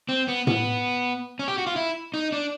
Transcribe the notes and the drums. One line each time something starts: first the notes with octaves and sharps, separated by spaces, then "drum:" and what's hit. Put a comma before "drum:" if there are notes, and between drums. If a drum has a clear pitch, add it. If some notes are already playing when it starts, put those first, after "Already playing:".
C4
B3
B3, drum: tom A2
C#4
G4
F#4
F4
E4
D#4
D4